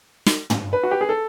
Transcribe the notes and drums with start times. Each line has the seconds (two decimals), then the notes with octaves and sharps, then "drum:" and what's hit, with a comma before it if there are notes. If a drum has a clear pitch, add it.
0.26 drum: snare
0.50 drum: tom
0.73 B4
0.83 F#4
0.91 G4
1.01 G#4
1.09 A4